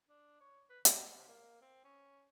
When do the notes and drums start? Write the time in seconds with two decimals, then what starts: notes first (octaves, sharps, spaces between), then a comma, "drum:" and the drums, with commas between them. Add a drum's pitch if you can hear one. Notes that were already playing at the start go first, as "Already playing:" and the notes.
0.09 D4
0.41 C#5
0.70 B4
0.85 D3, drum: hi-hat
1.16 C3
1.28 A#3
1.62 C4
1.85 C#4